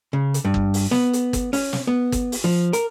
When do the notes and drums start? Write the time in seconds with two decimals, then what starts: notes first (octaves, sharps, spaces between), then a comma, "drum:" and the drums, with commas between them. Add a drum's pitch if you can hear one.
0.13 C#3
0.34 drum: hi-hat
0.45 G2
0.54 drum: kick
0.74 drum: open hi-hat
0.91 B3, drum: snare
1.13 drum: hi-hat
1.33 drum: kick, hi-hat
1.53 C#4, drum: open hi-hat
1.73 drum: snare
1.87 B3
2.12 drum: kick, hi-hat
2.32 drum: open hi-hat
2.44 F3
2.73 A#4, drum: hi-hat